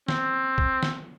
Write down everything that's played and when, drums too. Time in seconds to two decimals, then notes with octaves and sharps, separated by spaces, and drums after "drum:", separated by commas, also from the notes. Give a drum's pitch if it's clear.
0.08 C4, drum: snare
0.58 drum: kick
0.83 drum: snare